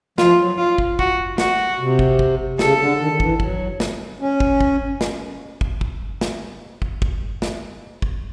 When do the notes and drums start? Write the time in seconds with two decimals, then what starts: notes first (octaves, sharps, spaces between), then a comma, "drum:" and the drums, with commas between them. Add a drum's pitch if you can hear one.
0.18 F3 F4, drum: snare
0.39 F#3
0.58 F4
0.78 drum: kick
0.99 F#4, drum: kick
1.38 F#4, drum: snare
1.79 C3
1.99 drum: kick
2.19 drum: kick
2.59 C#3 A4, drum: snare
2.79 D3
2.99 D#3
3.12 D#3
3.20 E3, drum: kick
3.40 F#3, drum: kick
3.80 drum: snare
4.20 C#4
4.40 drum: kick
4.61 drum: kick
5.01 drum: snare
5.61 drum: kick
5.81 drum: kick
6.21 drum: snare
6.82 drum: kick
7.02 drum: kick
7.42 drum: snare
8.02 drum: kick